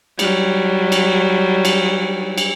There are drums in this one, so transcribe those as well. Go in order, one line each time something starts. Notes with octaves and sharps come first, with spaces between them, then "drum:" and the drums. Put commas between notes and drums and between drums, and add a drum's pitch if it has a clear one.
F#3 G3, drum: cymbal
drum: cymbal
drum: cymbal
drum: cymbal